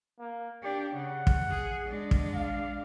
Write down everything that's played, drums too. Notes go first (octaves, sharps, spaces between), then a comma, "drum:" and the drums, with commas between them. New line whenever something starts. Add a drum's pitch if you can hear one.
A#3
D4 G4
C#3 F#5
drum: kick
G#4
G#3 D4
drum: kick
F5